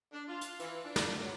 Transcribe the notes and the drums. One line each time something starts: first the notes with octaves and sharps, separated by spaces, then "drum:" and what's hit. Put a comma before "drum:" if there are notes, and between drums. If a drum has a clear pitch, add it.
D4
F4
drum: hi-hat
E3, drum: hi-hat
D4
drum: snare
F#3